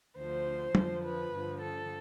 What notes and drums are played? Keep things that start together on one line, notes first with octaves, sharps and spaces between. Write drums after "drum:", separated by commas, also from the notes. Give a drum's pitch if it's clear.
D2 D3 F3 C5
F2 D3 F3, drum: tom F#3
B4
G2 D3 F3
A4